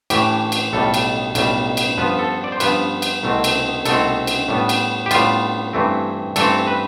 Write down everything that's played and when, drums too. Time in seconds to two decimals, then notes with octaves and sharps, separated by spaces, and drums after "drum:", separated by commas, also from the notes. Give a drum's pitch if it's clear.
0.10 A2 E3 A3 G4, drum: cymbal
0.52 drum: cymbal
0.73 B1 A2 G3 A4
0.94 drum: cymbal
1.35 B1 A2 G3, drum: cymbal
1.77 drum: cymbal
1.98 G2 F3 B3 B4
2.19 A4
2.44 D5
2.52 C5
2.60 G2 F3 B3 B4, drum: cymbal
3.02 drum: cymbal
3.23 C2 B2 A3 C4
3.44 drum: cymbal
3.85 C2 B2 A3 C4 A4, drum: cymbal
4.27 drum: cymbal
4.49 A2 G3 B3
4.69 drum: cymbal
5.06 G4
5.11 A2 G3 B3 F4, drum: cymbal
5.73 G2 E3 A3 C4
6.36 G2 E3 A3 C4 A4, drum: cymbal
6.67 B4